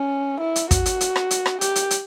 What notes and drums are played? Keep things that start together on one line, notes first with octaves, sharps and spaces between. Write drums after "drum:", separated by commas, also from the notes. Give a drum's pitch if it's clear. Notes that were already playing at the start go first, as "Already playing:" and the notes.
Already playing: C#4
E4
drum: hi-hat
F#4, drum: kick, hi-hat
drum: hi-hat
drum: hi-hat
drum: rim click
drum: hi-hat
drum: rim click
G4, drum: hi-hat
drum: hi-hat
drum: hi-hat